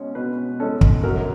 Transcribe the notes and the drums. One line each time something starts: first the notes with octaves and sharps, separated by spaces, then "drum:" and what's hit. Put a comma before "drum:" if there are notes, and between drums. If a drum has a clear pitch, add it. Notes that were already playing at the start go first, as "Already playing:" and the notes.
Already playing: B2 G#3 C#4
B2 B4
G#3 C#4 A4
drum: kick
F#2 A#4